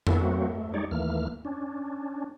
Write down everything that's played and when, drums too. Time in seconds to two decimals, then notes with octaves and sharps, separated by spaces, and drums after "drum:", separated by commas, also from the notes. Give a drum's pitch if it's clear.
0.07 A#3 B3 E4 A4, drum: tom F2
0.21 F#3 A3 A#3 C4 F#4
0.52 A3
0.74 G3 G#3 D#4 C#5 D5
0.91 D#2 E3 A3 A#3 F6
1.45 C#4 D4